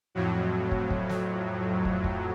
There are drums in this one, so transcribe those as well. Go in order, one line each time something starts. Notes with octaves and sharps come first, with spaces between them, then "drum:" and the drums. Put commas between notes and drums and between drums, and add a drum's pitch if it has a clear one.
F2 A2 F#3
drum: kick
drum: kick
drum: snare
drum: kick
drum: kick